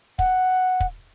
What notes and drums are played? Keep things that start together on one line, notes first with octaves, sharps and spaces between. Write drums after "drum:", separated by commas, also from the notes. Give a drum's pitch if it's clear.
F#5, drum: kick
drum: kick